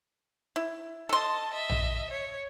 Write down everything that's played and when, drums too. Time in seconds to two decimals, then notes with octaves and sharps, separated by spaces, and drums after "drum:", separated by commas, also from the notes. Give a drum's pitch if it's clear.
0.56 E4
1.09 A4 D#5 A5 C6
1.51 D#5 E5
1.70 drum: tom A#1
2.10 C#5